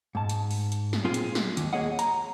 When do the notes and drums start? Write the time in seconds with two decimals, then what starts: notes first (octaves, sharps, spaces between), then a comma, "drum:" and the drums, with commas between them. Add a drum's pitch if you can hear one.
0.15 G#2 A5
0.29 drum: hi-hat
0.51 drum: open hi-hat
0.72 drum: hi-hat
0.93 drum: snare
1.04 A#2 C4 F4 G#4
1.14 drum: hi-hat
1.35 drum: snare
1.57 D#2, drum: hi-hat
1.73 A#3 G#4 C#5 D#5 F#5
1.99 A#5, drum: hi-hat